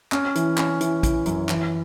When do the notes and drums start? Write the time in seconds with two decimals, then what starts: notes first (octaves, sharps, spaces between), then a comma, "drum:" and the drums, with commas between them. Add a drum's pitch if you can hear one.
0.12 C#4, drum: clap
0.35 E3, drum: hi-hat
0.58 C#4, drum: clap
0.81 E3, drum: hi-hat
1.03 E3, drum: kick, hi-hat
1.26 F#2, drum: hi-hat
1.49 E3, drum: clap